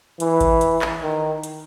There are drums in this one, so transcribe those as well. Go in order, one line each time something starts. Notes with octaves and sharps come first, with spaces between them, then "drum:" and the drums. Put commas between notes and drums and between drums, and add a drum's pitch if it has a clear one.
E3, drum: hi-hat
drum: kick G#1, hi-hat
drum: hi-hat
drum: clap
D#3
drum: hi-hat